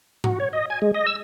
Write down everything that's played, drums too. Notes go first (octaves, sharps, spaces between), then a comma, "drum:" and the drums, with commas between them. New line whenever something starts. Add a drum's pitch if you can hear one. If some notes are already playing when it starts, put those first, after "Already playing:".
F#4, drum: tom G#2
C#5
D#5
G#5
G#3
D#5
E6